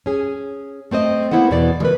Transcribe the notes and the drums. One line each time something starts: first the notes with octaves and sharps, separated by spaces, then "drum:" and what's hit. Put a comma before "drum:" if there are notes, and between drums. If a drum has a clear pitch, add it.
C#4 G#4
A3 C4 C5 D#5
A#3 B3 E4 A4 C5 F#5, drum: tom D#3
E2 B2 E3 D5
E3 A#4 B4, drum: tom